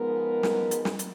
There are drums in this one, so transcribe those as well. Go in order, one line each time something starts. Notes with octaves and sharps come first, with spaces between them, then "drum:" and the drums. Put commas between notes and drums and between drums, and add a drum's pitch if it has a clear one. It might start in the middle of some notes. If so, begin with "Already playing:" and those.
Already playing: G#2 F3 G#3 B3 A#4
drum: snare
drum: hi-hat
drum: snare
drum: hi-hat